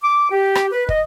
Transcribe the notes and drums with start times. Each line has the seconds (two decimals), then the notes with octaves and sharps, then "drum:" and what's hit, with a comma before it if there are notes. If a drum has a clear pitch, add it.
0.03 D6
0.31 G4
0.55 drum: rim click
0.71 B4
0.89 D#5, drum: kick